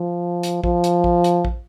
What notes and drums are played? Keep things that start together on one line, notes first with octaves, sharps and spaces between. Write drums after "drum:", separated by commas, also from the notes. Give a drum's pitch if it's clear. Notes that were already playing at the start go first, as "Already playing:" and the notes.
Already playing: F3
drum: hi-hat
F3, drum: kick
drum: hi-hat
drum: kick
drum: hi-hat
drum: kick